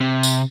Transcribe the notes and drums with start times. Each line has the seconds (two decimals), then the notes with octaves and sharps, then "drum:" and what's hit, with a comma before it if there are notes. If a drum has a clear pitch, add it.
0.01 C3
0.23 drum: tambourine